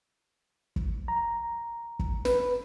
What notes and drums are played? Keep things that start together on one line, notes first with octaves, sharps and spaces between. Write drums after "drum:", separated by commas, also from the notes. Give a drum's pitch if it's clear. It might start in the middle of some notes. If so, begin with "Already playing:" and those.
drum: kick
A#5
drum: kick
B4, drum: snare